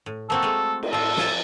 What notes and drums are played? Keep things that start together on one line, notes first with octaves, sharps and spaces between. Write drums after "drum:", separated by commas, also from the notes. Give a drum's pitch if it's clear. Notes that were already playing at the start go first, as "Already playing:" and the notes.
A2
A#3 C4 F#4 A4
G#3 A3
drum: cymbal
A2 F4 A4
F3 G#5 A5, drum: snare